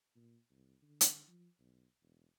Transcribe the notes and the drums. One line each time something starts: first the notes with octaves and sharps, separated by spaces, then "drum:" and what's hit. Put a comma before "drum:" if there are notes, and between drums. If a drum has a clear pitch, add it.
A#2
C2
D3
drum: hi-hat
F3
B1
E1